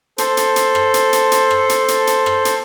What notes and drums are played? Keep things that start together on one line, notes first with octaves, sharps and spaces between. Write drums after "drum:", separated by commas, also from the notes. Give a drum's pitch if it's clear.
A4 C5, drum: hi-hat
drum: hi-hat
drum: hi-hat
drum: rim click
drum: hi-hat
drum: hi-hat
drum: hi-hat
drum: rim click
drum: hi-hat
drum: hi-hat
drum: hi-hat
drum: rim click
drum: hi-hat